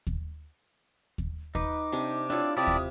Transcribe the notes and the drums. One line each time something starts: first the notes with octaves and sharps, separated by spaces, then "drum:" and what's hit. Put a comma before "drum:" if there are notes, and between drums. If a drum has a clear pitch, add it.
drum: kick D#2
drum: kick D#2
D#4 B4 D6, drum: kick D#2
C3 D4 G4
C4 D4 E4 F4 C#5
C3 E4 G4 D5 A5 B5 D#6
drum: kick D#2